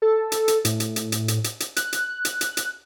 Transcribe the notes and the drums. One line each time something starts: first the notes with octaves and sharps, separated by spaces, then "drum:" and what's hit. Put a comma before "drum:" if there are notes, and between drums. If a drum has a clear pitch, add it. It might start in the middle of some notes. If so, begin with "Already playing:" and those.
A4
drum: hi-hat
drum: hi-hat
A2, drum: hi-hat
drum: hi-hat
drum: hi-hat
drum: hi-hat
drum: hi-hat
drum: hi-hat
drum: hi-hat
F#6, drum: hi-hat
drum: hi-hat
drum: hi-hat
drum: hi-hat
drum: hi-hat